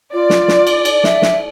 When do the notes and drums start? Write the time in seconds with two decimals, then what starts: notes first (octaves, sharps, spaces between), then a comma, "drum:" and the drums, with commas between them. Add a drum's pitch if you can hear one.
0.13 F4 D5
0.30 drum: snare
0.48 drum: snare
0.67 drum: cymbal
0.85 drum: cymbal
1.04 E5, drum: snare
1.22 drum: snare